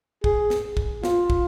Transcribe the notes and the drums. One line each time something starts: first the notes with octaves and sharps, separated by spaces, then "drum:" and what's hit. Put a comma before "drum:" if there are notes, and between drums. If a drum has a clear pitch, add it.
G#4, drum: kick
drum: snare
drum: kick
F4, drum: snare
drum: kick